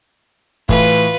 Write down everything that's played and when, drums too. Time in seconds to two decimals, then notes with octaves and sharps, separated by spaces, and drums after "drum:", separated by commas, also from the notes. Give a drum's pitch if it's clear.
0.69 A2 E3 F4 B4, drum: kick